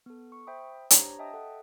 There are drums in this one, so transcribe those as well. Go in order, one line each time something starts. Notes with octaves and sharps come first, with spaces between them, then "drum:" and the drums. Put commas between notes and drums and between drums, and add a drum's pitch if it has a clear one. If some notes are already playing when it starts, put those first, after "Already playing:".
B3 A4
C#6
C5 E5 G5 B5 D#6
D4 G4 C5 C#5 A#5, drum: hi-hat
D#5 E5 G5 A5 D#6
A4 D#5 E5 F#5